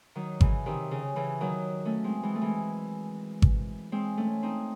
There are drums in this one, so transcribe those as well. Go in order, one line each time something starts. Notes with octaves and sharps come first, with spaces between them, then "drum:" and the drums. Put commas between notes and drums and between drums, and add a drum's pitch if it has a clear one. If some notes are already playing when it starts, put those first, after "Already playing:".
D#3 F#3
C#3 E3, drum: kick G#1
C3 D#3
C#3
C#3 E3
D#3 F#3
A3 C#4
G#3 C4
E3 G#3
A3
E3 G#3
drum: kick G#1
G#3 C4
A3 C#4
C4 D#4